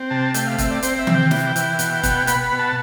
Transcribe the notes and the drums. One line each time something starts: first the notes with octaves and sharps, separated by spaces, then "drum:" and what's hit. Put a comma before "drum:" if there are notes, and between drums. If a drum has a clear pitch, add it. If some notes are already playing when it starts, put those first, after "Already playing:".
Already playing: C4
C3 A5
A3 G5, drum: hi-hat
F5
C4 E5, drum: kick, hi-hat
D5
C4 C5, drum: hi-hat
E5
C3, drum: tom D#3
G5
E3, drum: snare
E3, drum: hi-hat
B2, drum: hi-hat
B3, drum: kick, hi-hat
B3 B5, drum: hi-hat
B5
B2
A5